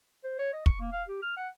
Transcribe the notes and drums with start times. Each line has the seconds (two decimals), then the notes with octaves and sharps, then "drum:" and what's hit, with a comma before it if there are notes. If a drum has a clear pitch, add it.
0.24 C5
0.39 C#5
0.53 D#5
0.66 C#6, drum: kick
0.80 A#3
0.92 F5
1.08 G4
1.22 F6
1.37 F#5